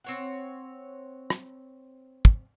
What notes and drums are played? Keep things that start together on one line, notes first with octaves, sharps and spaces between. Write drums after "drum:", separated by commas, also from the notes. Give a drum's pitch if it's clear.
C4 C#5 F#5
drum: rim click
drum: kick